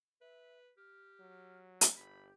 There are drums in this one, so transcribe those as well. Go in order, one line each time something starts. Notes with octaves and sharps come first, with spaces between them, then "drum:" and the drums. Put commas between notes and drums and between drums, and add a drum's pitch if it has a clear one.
B4 E5
G4 F6
F#3
drum: hi-hat
G1 G4 B5